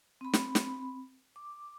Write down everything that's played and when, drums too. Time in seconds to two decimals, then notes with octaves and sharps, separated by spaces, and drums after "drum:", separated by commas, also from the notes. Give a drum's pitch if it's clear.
0.21 C4 B5
0.33 drum: snare
0.55 drum: snare
1.36 D6